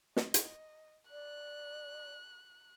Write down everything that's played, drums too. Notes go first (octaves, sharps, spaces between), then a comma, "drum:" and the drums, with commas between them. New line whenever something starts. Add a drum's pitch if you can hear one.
D#5, drum: snare
drum: hi-hat
D5 F#6